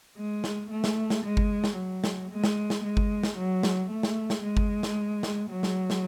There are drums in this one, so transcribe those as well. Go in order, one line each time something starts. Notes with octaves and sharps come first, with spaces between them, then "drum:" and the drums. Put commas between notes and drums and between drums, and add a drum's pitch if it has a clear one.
G#3
drum: snare
A3
drum: snare
drum: snare
G#3
drum: kick G1
drum: snare
F#3
drum: snare
G#3
drum: snare
drum: snare
G#3
drum: kick G1
drum: snare
F#3
drum: snare
A3
drum: snare
drum: snare
G#3
drum: kick G1
drum: snare
drum: snare
F#3
drum: snare
drum: snare